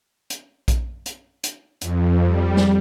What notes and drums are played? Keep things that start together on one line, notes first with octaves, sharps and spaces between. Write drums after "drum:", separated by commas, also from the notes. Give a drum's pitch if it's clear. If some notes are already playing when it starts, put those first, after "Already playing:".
drum: hi-hat
drum: kick A#1, hi-hat
drum: hi-hat
drum: hi-hat
F2, drum: hi-hat
G3
drum: snare